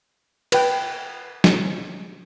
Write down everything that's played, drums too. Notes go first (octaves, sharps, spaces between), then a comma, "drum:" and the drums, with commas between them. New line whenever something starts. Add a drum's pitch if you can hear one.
B4 G5, drum: cymbal
drum: snare